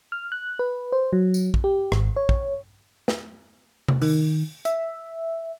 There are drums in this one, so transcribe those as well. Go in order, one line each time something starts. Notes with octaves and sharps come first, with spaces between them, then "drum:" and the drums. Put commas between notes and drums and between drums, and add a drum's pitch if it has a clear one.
F6
F#6
B4
C5
F#3
drum: tambourine
drum: kick
G4
G#1, drum: rim click
C#5
drum: kick
drum: snare
drum: tom C3
D#3, drum: open hi-hat
E5, drum: hi-hat